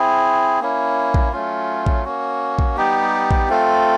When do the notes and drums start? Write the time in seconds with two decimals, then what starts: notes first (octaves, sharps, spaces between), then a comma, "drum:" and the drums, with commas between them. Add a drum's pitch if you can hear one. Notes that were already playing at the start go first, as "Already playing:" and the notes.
Already playing: C4 E4 G#4
0.61 A#3 C#4 E4
1.14 drum: kick A#1
1.32 F#3 A3 C#4 F4
1.86 drum: kick A#1
2.05 A#3 C#4 F#4
2.59 drum: kick A#1
2.77 G3 B3 D#4 G4
3.31 drum: kick A#1
3.49 A3 C4 F4 A4